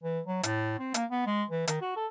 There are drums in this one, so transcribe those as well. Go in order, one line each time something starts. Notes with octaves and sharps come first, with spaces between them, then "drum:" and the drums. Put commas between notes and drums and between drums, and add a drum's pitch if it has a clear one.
E3
F#3
A2, drum: hi-hat
C4
A#3, drum: hi-hat
B3
G#3
E3
D#3, drum: hi-hat
F#4
A4